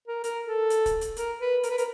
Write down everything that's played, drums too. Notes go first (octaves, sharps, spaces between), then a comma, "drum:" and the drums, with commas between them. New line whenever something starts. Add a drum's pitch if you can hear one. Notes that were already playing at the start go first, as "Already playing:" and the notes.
A#4
A#4, drum: hi-hat
A4
drum: hi-hat
drum: kick, hi-hat
drum: hi-hat
A#4, drum: hi-hat
B4
A#4, drum: hi-hat
B4
A#4, drum: hi-hat